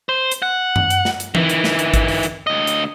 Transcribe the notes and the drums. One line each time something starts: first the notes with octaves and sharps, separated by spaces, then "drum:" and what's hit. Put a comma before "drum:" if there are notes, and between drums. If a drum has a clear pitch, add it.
C5
drum: hi-hat
F#5
drum: tom F#2
drum: hi-hat
drum: snare
drum: hi-hat
D#3 E3, drum: tom E3
drum: hi-hat
drum: snare
drum: hi-hat
drum: kick, hi-hat
drum: open hi-hat
drum: hi-hat
D2 D#5
drum: hi-hat